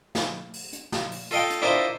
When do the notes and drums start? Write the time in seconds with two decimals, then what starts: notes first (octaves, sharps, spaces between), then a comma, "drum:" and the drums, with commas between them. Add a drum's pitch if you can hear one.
0.15 drum: snare
0.54 drum: open hi-hat
0.73 drum: hi-hat
0.92 drum: snare
1.12 drum: open hi-hat
1.31 F4 A4 D#5 F5 G5, drum: open hi-hat
1.51 drum: hi-hat
1.62 D4 E4 F4 A#4 C5 D#5